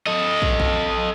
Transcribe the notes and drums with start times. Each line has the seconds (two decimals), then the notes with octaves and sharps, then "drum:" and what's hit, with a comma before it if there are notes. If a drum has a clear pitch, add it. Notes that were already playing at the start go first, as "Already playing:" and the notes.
0.07 A4 D#5
0.42 drum: kick
0.60 drum: kick